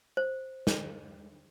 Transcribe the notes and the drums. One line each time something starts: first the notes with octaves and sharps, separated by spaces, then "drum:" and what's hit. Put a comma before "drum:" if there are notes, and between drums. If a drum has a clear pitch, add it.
C5
drum: snare